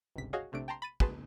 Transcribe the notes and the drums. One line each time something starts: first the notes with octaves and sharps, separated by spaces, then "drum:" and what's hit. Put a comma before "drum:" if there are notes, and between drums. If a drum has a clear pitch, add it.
G1 C#2 G#2 C3 B6
F#4 G#4 C#5 D#5 F5
A#1 C3 A3 D4 D7
G5 A5 A#5 C6
B5 A6 D#7
F#4 G#4 B4 A5 C6, drum: kick